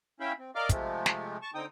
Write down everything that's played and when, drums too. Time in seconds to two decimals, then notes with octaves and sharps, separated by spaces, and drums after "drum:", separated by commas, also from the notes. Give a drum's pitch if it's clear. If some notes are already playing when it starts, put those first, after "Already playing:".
0.20 C#4 E4 E5 F5 G5 B5
0.38 C4
0.55 A#4 D5 D#5 F5 D6 F6
0.69 C3 F3 G#3 A3, drum: kick, hi-hat
1.06 drum: snare
1.42 A5 C#6
1.54 D3 C4 D#4 G5 D#6